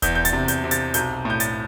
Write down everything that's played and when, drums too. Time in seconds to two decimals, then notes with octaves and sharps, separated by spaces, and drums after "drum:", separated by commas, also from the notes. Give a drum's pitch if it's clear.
0.02 E2 G6, drum: kick E1, hi-hat
0.15 G6
0.25 A6, drum: hi-hat
0.33 C3
0.48 G6, drum: hi-hat
0.64 C3
0.71 A6, drum: hi-hat
0.94 B1 G6, drum: hi-hat
1.25 A2 G6
1.40 A6, drum: hi-hat